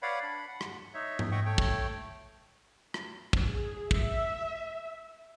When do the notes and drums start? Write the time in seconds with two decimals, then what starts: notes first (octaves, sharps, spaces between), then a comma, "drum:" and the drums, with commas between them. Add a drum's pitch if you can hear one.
0.02 B4 C#5 D5 F5 F#5 B5
0.23 D4 B5
0.48 F#5
0.61 drum: rim click
0.94 D#4 C#5 E5
1.19 drum: tom G#2
1.32 C#5 D#5 E5 F#5 G5 C#6
1.46 A3 C#5 G5
1.58 drum: kick
2.94 drum: rim click
3.33 drum: kick
3.47 G#4
3.91 E5, drum: kick